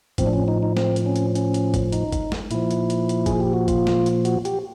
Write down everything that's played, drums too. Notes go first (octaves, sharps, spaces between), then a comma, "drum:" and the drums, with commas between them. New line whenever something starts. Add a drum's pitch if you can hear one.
A2 F3 C4, drum: kick G1, hi-hat
D4
C#4
D#4
D#4
C4, drum: snare
drum: hi-hat
C#4
drum: hi-hat
C#4, drum: hi-hat
drum: hi-hat
drum: kick G1, hi-hat
D#4, drum: hi-hat
drum: kick G1, hi-hat
drum: snare
A#2 F3 E4, drum: hi-hat
drum: hi-hat
drum: hi-hat
drum: hi-hat
G#4, drum: kick G1, hi-hat
G4
F#4
F4, drum: kick G1, hi-hat
drum: snare
drum: hi-hat
F#4, drum: hi-hat
G4, drum: hi-hat